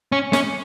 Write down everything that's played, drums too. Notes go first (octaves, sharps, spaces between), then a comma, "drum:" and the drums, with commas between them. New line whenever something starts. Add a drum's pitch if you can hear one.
C#4
C#4, drum: snare